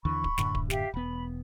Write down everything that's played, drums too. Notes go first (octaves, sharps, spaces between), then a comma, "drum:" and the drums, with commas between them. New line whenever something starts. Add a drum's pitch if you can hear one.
D#2 D3 E3 B5 C#6
drum: kick D1
F#2 A2 D3, drum: snare
drum: kick D1
G4 E5 F5, drum: snare
E1 B3 B5